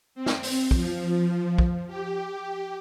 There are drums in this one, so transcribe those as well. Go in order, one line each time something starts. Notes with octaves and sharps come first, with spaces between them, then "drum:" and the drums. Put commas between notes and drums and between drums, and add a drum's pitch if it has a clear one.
C4
drum: snare
drum: open hi-hat
F3, drum: kick
drum: kick
G4